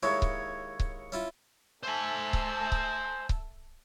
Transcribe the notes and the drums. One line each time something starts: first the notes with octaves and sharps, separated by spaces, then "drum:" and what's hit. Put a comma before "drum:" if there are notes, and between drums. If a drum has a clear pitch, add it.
D#2 G#3 E4 C#5
drum: kick C#1
drum: kick C#1
C#4 E4 F4
A3 C5 G#5 A5 E6
drum: kick C#1
drum: kick C#1
drum: kick C#1